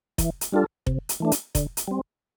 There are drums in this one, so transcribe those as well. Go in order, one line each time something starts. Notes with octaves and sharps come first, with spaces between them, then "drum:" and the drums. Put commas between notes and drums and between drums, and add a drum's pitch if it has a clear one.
E3, drum: kick F1, hi-hat
drum: hi-hat
G3 D4 F4 A4
C3, drum: kick F1
drum: hi-hat
E3 A3 D4
drum: hi-hat
D3, drum: kick F1, hi-hat
drum: hi-hat
G3 C4